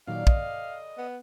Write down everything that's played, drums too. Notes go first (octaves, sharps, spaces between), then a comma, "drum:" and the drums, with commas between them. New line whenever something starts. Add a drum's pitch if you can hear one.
A#2 D#3 F#3 A4 D5 F5
D#5, drum: kick
B3